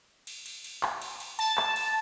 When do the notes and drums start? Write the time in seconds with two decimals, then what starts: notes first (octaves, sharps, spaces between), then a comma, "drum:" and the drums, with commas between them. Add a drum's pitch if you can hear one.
0.27 drum: cymbal
0.46 drum: cymbal
0.64 drum: cymbal
0.83 drum: clap
1.02 drum: cymbal
1.20 drum: cymbal
1.39 A5, drum: cymbal
1.57 drum: clap
1.76 drum: cymbal